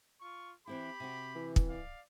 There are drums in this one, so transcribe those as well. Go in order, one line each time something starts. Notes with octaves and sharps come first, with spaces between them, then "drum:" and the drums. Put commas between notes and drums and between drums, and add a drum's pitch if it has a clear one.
F4 C#6
E3 C4 E4 G4 B5
C3 F#4
E3
drum: kick
D5 F5